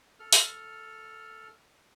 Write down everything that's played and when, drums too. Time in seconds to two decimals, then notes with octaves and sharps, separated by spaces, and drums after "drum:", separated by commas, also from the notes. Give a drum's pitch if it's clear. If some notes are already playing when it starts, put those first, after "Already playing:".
0.20 A4 F6
0.33 drum: open hi-hat